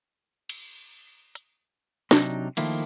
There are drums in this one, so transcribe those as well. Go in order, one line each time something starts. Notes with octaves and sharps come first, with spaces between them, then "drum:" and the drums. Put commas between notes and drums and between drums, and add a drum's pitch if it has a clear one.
drum: cymbal
drum: hi-hat
C3 F#3 D4 D#4, drum: snare
D#3 F3 A3 A#3 E4, drum: cymbal